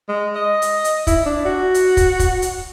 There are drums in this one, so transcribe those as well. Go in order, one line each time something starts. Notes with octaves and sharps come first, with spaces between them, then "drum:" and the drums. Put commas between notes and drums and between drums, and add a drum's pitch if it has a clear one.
G#3
D#5
drum: hi-hat
drum: hi-hat
E4, drum: kick, hi-hat
D4
F#4
drum: hi-hat
drum: kick, hi-hat
drum: kick, hi-hat
drum: hi-hat